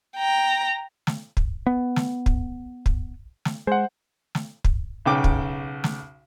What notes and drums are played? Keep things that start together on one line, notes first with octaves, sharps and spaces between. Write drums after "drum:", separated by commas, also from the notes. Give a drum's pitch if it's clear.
G5 A#5
drum: snare
drum: kick
B3
drum: snare
drum: kick
drum: kick
drum: snare
G#3 C5 F#5
drum: snare
drum: kick
B1 C#3 G5 D6
drum: kick
drum: snare